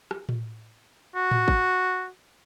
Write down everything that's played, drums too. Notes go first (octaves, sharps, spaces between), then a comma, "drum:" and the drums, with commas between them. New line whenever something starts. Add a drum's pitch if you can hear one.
drum: rim click
drum: tom A2
F#4
drum: tom A2
drum: kick